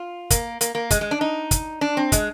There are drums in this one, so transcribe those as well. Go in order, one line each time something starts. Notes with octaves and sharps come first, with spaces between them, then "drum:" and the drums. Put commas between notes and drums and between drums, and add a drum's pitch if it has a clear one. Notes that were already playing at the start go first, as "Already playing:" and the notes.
Already playing: F4
A#3, drum: kick, hi-hat
A#3, drum: hi-hat
A#3
G#3, drum: kick, hi-hat
G#3
D4
D#4
drum: kick, hi-hat
D4
C4
G#3, drum: kick, hi-hat